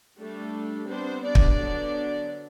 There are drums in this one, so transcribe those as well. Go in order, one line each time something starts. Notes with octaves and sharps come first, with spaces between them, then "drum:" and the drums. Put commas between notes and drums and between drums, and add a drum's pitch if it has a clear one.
G3 A3 D4 A4
G3 B3 C4 D4 C5
D4 D5
drum: kick
D3 F#3 B3